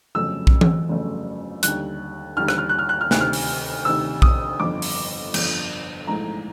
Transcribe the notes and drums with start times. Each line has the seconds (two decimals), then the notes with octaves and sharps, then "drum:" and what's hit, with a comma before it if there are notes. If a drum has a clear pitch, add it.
0.15 G1 F2 C#3 F#3 A3 E6
0.47 drum: kick B1
0.61 drum: tom E3
0.89 G1 F2 C#3 F#3 A3
1.63 D#2 D3 G3 F#6, drum: hi-hat
2.37 D#2 D3 G3 F6
2.48 F#6, drum: rim click
2.58 F6
2.69 F#6
2.79 F6
2.89 F#6
3.01 F6
3.11 D2 C3 D#3 F#6, drum: snare
3.21 F6
3.33 drum: open hi-hat
3.85 D2 C3 D#3 E6
4.22 D#6, drum: kick B1
4.60 G1 F2 D3 D6
4.82 drum: open hi-hat
5.34 G1 F2 D3, drum: cymbal
6.07 A#1 G#2 E3 A3 A#5